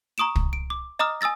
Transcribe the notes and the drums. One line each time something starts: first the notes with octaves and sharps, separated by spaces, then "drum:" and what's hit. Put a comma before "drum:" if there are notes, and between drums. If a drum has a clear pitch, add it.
A#5 C#6 D#6 D7 E7
drum: kick
D7
D6
D#5 A#5 D6 D#6 F6
G#5 D#6 E6 A6 A#6